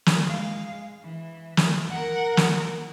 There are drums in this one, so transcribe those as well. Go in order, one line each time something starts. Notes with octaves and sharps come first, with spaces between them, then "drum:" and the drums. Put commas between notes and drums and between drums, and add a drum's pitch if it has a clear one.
drum: snare
G#3 F5
E3
drum: snare
A#4 F#5
drum: snare